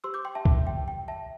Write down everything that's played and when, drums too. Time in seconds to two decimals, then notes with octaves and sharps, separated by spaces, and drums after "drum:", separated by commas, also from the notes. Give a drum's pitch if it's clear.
0.04 G4 C5 C6 E6
0.14 D6 G6
0.25 G5 C6
0.35 E5 A5
0.45 E5, drum: kick
0.67 G5
0.88 G5
1.08 E5 A5